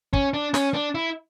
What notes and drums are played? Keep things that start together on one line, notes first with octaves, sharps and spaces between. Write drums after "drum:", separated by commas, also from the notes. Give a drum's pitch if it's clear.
C#4, drum: kick
D4
C#4, drum: snare
D4
E4